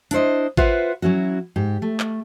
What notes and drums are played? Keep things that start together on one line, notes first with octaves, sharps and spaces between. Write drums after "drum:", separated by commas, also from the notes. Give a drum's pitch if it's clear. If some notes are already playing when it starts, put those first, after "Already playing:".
D4 E4 C5 D#5, drum: hi-hat
F4 B4 C5 E5 F#5, drum: kick G#1
F#3 C#4 E4 F#4
G#2 G4
A3
drum: clap